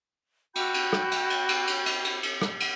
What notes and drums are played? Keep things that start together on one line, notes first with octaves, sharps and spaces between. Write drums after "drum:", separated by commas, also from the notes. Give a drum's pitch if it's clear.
F#4 G5 B5 G6, drum: cymbal
drum: cymbal
drum: rim click
drum: cymbal
drum: cymbal
drum: cymbal
drum: cymbal
drum: cymbal
drum: cymbal
drum: cymbal
drum: rim click
drum: cymbal